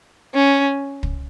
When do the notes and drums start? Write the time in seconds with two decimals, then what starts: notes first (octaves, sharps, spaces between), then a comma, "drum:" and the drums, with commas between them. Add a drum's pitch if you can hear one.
0.34 C#4
1.03 drum: kick